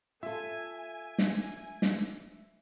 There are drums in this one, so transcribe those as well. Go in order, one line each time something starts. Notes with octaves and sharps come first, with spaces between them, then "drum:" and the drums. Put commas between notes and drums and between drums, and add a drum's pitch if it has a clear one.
F4 A4 E5 G#5
drum: snare
drum: snare